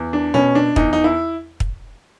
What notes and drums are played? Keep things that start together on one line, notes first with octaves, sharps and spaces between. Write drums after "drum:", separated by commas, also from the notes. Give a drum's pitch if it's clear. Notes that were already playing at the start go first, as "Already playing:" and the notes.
Already playing: E2
D4
B2 C#4
D4
E2 D#4, drum: kick
D#4
E4
drum: kick